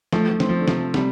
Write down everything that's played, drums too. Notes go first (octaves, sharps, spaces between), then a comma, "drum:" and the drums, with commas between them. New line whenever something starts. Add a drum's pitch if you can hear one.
F3 A3, drum: snare
F3
C4, drum: snare
F3
D3
C3 F3, drum: snare
C3 G3, drum: snare